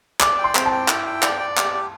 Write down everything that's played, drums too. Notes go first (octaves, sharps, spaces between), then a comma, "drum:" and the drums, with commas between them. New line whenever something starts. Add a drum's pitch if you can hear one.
D5 D6, drum: clap
G5
C6
C4, drum: clap
A5
G5
E4, drum: clap
G5
D5, drum: clap
D5
G4, drum: clap
G4